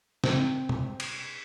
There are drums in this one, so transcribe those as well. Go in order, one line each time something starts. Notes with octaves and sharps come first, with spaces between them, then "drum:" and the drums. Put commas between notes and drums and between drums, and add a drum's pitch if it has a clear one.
C4, drum: snare
drum: tom
drum: cymbal